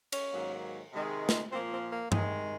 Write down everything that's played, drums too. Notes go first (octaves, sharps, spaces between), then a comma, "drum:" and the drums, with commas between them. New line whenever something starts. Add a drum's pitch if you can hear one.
C#4, drum: cymbal
G#2 D#3 F#3 A#3
C3 D#3 G#3
drum: snare
A#2 F3 A#3 C4
C4
A#3
C3 D#3 G#3, drum: tom G2